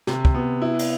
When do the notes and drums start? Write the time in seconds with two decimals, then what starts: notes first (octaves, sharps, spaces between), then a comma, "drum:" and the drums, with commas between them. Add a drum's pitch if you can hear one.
0.07 C3, drum: snare
0.25 drum: kick
0.34 B3
0.62 E4
0.79 drum: cymbal